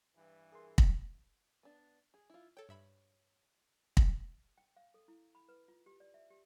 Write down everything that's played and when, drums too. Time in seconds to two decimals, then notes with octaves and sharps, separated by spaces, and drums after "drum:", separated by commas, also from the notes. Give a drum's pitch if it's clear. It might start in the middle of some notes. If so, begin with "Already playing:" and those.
0.16 G2 E3
0.52 G#4 A#4 C6
0.78 drum: kick
1.63 B3 D4
2.14 G#4
2.30 E4 F4
2.57 A4 C#5 G5
2.69 G2 E5 B5
3.97 drum: kick
4.58 G5
4.77 F5
4.94 A4
5.08 E4
5.35 B5
5.49 B4
5.68 F4
5.86 G4
6.00 D5
6.14 E5
6.30 G4